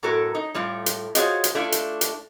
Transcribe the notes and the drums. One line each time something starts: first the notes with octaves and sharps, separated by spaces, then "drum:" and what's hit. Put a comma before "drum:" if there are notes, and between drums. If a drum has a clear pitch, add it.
F#2 A2 F#4 A4 A#4
D#4
A2 G3 A3 F4
drum: hi-hat
F4 F#4 G#4 C5 C#5 D#5, drum: hi-hat
drum: hi-hat
A3 D4 E4 F4
drum: hi-hat
drum: hi-hat